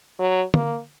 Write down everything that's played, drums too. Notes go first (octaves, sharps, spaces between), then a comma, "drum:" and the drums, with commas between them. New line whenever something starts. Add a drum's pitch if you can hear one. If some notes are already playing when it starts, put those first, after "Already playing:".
F#3
A#3, drum: tom